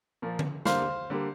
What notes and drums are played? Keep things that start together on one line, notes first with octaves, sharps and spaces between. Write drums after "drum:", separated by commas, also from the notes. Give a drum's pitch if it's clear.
A#2 F3 A#3
drum: tom D3
D3 G3 A#3 C5 F5, drum: snare
D3 G3 A#3